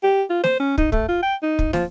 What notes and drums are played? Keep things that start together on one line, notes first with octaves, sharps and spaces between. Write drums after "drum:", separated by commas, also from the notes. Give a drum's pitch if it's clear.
G4
F4
C5, drum: snare
C#4
D#4, drum: kick
A3, drum: kick
F4
G5
D#4
drum: kick
F3, drum: snare